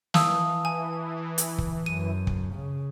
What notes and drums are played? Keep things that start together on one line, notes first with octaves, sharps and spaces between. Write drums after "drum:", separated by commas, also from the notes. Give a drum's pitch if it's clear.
E3 F5 A5 D#6 E6, drum: snare
G#5
drum: hi-hat
drum: kick
F#2 D#7
drum: kick
C#3